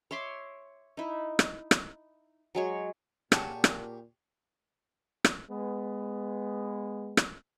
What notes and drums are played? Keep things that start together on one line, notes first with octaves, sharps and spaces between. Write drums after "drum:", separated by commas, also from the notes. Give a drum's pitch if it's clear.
C#5 E5 C6 D6
D#4 E4
drum: rim click
drum: rim click
F#3 G#3 C#5
A#2 G4 G#4 C#5 F#5 G#5 A5, drum: rim click
drum: rim click
drum: rim click
G#3 B3
drum: rim click